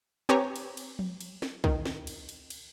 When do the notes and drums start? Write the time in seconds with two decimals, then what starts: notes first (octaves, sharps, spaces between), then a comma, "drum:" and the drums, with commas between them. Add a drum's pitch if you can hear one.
0.29 C4 G4 B4 C#5 G#5 A#5
0.56 drum: cymbal
0.77 drum: cymbal
0.99 drum: tom F3
1.21 drum: cymbal
1.42 drum: snare
1.64 D#3, drum: kick
1.85 drum: snare
2.07 drum: cymbal
2.29 drum: cymbal
2.50 drum: cymbal